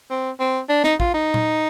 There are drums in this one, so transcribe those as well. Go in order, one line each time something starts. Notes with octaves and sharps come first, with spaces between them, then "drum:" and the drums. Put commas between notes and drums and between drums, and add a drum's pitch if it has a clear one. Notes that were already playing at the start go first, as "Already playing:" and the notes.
C4
C4
D4
D#4, drum: snare
F4, drum: kick A1
D#4
drum: tom A#2